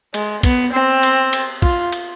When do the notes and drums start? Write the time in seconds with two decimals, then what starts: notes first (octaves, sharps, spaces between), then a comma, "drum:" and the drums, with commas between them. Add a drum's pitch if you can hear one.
0.14 G#3, drum: cymbal
0.43 B3, drum: kick A#1, cymbal
0.73 C4
1.03 drum: cymbal
1.33 drum: cymbal
1.62 F4, drum: kick A#1
1.92 drum: cymbal